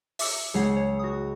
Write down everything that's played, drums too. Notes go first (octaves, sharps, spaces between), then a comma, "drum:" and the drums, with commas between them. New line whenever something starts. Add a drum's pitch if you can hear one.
E5 D6 E6, drum: open hi-hat
C#2 G#3 G#4 C#5 F#5 C7
C#5
F#4 D#6